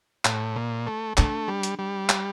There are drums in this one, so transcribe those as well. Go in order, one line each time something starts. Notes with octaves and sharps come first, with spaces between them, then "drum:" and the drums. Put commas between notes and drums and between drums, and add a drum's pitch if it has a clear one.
A2, drum: clap
A#2
A3
A3 D4, drum: clap
G3
drum: hi-hat
G3
drum: clap